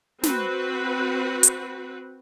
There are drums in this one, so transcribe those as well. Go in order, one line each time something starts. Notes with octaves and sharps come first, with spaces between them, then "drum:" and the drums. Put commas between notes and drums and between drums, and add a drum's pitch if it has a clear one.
C4 F#4 B4, drum: snare
drum: hi-hat